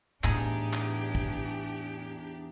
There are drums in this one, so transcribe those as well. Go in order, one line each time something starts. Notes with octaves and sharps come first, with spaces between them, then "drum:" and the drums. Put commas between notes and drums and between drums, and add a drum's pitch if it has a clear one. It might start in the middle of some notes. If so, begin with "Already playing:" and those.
E2 A2 D4 D#4 G4 G#4, drum: clap
drum: clap
drum: kick